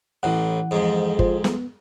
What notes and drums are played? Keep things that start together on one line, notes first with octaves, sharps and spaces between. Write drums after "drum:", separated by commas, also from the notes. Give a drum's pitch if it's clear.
A1 A2 E3 F#5
F2 G#2
F4 C5, drum: kick G1
B3, drum: snare